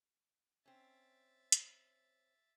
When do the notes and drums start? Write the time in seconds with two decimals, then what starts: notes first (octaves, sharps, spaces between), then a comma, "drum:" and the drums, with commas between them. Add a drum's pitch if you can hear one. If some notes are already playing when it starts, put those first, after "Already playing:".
0.66 C4 C#4 E5 A6
1.52 drum: hi-hat